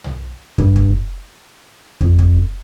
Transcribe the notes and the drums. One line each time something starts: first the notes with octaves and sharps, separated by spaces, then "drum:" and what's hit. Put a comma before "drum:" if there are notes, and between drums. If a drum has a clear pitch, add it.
drum: tom
G2, drum: kick
drum: kick
F2, drum: kick
drum: kick